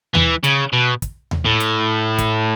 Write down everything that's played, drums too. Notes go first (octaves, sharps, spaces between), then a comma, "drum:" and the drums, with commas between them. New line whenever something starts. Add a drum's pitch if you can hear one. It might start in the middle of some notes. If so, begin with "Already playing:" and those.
E3, drum: tom D#2
C#3, drum: hi-hat
B2
drum: kick, hi-hat
drum: tom D#2
A2
drum: hi-hat
drum: kick, hi-hat